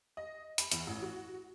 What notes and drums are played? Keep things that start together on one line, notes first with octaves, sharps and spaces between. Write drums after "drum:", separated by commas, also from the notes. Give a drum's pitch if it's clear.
D#5
B5, drum: hi-hat
E2, drum: hi-hat
A1
F#4